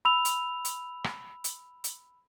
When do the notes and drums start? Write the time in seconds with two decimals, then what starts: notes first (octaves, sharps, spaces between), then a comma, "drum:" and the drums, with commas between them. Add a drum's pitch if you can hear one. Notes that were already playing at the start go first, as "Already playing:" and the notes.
0.05 B5 E6 F7
0.25 drum: hi-hat
0.65 drum: hi-hat
1.04 drum: rim click
1.44 drum: hi-hat
1.84 drum: hi-hat